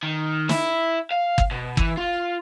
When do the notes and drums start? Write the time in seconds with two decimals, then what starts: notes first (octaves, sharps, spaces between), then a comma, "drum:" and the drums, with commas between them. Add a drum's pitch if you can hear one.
0.03 D#3
0.49 E4, drum: snare
1.12 F5
1.38 drum: kick
1.51 B2
1.77 E3, drum: kick
1.97 F4